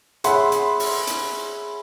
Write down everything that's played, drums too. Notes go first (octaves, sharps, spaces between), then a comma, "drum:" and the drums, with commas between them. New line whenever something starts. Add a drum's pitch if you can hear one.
G#4 C#5 E5 F#5 B5 C6, drum: hi-hat
drum: hi-hat
drum: open hi-hat
drum: hi-hat